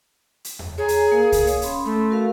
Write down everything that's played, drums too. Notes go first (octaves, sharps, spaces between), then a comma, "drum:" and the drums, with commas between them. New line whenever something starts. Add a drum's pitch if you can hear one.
drum: hi-hat
drum: tom E2
G#4 C#5 G#5 A#5
drum: hi-hat
A#3 A#4 F5
drum: kick C2, hi-hat
C#5 F5 D#6, drum: hi-hat
C#4 B5 C6, drum: hi-hat
A3
F#4 A#4 F5